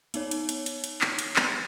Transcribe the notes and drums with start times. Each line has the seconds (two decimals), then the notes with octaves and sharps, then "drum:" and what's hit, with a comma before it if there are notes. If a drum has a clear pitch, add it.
0.14 B3 D#4 C#5, drum: hi-hat
0.31 drum: hi-hat
0.49 drum: hi-hat
0.66 drum: hi-hat
0.84 drum: hi-hat
1.01 drum: clap
1.19 drum: hi-hat
1.36 drum: clap